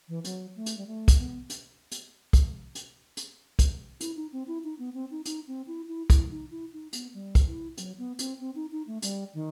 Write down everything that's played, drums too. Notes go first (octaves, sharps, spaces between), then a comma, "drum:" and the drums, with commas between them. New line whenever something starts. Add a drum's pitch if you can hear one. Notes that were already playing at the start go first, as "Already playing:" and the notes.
E3
F#3, drum: hi-hat
A3
drum: hi-hat
G3
A3
drum: kick, hi-hat
B3
drum: hi-hat
drum: hi-hat
drum: kick, hi-hat
drum: hi-hat
drum: hi-hat
drum: kick, hi-hat
E4, drum: hi-hat
D#4
C4
E4
D#4
B3
C4
D#4
D#4, drum: hi-hat
C4
E4
E4
E4, drum: kick, hi-hat
D#4
E4
D#4
B3, drum: hi-hat
G3
drum: kick, hi-hat
E4
F#3, drum: hi-hat
B3
C4, drum: hi-hat
C4
D#4
D#4
A3
G3, drum: hi-hat
D#3